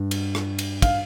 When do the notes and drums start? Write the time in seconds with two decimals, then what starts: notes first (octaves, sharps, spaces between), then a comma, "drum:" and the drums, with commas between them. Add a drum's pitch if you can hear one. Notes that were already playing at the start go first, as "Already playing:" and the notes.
Already playing: G2
0.11 drum: cymbal
0.35 drum: rim click
0.59 drum: cymbal
0.82 F5, drum: kick, cymbal